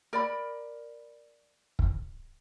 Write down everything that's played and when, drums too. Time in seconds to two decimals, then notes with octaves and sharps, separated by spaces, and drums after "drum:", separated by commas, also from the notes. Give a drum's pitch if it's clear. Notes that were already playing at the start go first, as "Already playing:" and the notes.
0.13 A#4 D5 B5
1.79 drum: kick